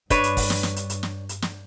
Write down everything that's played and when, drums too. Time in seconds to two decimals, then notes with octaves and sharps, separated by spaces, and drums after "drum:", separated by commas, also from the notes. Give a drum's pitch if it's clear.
0.10 G2 D4 B4 C#5, drum: kick, hi-hat
0.24 drum: hi-hat
0.37 drum: kick, open hi-hat
0.50 drum: snare
0.63 drum: snare
0.76 drum: hi-hat
0.90 drum: hi-hat
1.03 drum: snare
1.29 drum: hi-hat
1.42 drum: snare